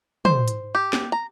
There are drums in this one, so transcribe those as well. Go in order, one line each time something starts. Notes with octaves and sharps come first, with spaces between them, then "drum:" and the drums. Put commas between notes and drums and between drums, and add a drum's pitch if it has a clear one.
C5, drum: tom
drum: hi-hat
G4
drum: snare
A#5